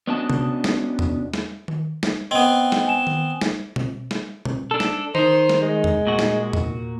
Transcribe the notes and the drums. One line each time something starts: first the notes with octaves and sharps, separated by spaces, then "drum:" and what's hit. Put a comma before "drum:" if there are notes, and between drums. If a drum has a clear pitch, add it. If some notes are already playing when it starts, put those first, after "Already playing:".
B3 C#4 D4 F#4 D#5 A5
drum: tom C3
drum: snare
drum: tom E2
drum: snare
drum: tom D#3
drum: snare
B3 C4 D#5
drum: snare
G#5 E7
drum: tom D#3
drum: snare
drum: tom B2
drum: snare
drum: tom B2
D4 A4
drum: snare
D#3 D#4 C5, drum: tom D#3
drum: snare
G#3
drum: tom E2
A#2 F#4
drum: snare
drum: tom E2